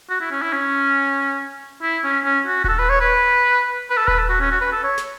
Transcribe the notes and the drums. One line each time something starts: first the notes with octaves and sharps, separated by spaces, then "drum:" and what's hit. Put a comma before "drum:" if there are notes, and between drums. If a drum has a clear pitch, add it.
F#4
E4
C#4
E4
C#4
E4
C#4
C#4
F#4
F#4, drum: kick D#1
A4
B4
C#5
B4
B4
A4
B4, drum: kick D#1
A4
F#4
C#4
F#4
B4
A4
C#5
drum: snare